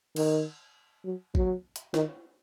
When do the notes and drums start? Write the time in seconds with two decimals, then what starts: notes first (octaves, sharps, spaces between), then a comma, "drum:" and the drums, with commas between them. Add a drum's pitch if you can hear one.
0.16 D#3, drum: cymbal
1.05 F#3
1.35 F#3, drum: kick G#1
1.76 drum: hi-hat
1.94 D#3, drum: snare